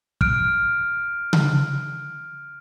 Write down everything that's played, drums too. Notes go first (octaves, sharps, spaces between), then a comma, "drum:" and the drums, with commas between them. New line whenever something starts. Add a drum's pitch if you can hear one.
F6 F#6 D7, drum: kick
drum: tom C#3